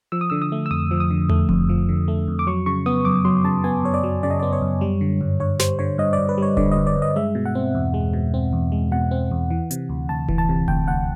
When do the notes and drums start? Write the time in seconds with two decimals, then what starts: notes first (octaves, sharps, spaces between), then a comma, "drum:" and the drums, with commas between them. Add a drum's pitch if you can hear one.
0.12 F3 E6
0.21 D#6
0.30 D3 E6
0.42 D#6
0.52 A3
0.66 E6
0.71 F2 D#6
0.91 F3
1.00 D#6
1.10 D3
1.30 A3, drum: tom E2
1.49 F2, drum: kick E1
1.69 F3
1.89 D3
2.08 A3
2.28 F2
2.39 D6
2.47 F#3 C#6
2.66 C#3 C#6
2.86 B3 D#6
3.05 F#2 D6
3.25 F#3 C6
3.44 C#3 A5
3.64 B3 G#5
3.84 F#2 C#5
3.94 D5
4.04 F#3
4.23 C#3 D5
4.30 D#5
4.40 B3 D5
4.53 C#5
4.62 F#2
4.81 G3
5.01 D3
5.21 G2
5.40 G2 C#5
5.59 G3 C5, drum: snare
5.79 D3 C#5
5.98 G2 D#5
6.13 D5
6.19 G2
6.29 B4
6.38 G3 C#5
6.57 D3 D5, drum: kick E1
6.72 D#5
6.77 G2
6.87 D5
6.97 G2
7.02 D#5
7.16 G#3 E5
7.35 B2
7.46 F#5
7.55 C4
7.75 E2
7.94 G#3
8.13 B2
8.34 C4
8.53 E2
8.72 G#3
8.92 B2 F#5
9.11 C4
9.31 E2
9.50 E3
9.71 C3, drum: hi-hat
9.89 D2
10.09 D2 A5
10.28 E3, drum: kick E1
10.38 A5
10.49 C3
10.68 D2 G5, drum: kick E1
10.87 D2 F#5